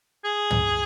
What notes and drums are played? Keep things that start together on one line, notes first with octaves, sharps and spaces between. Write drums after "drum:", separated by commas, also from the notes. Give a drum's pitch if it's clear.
G#4
drum: tom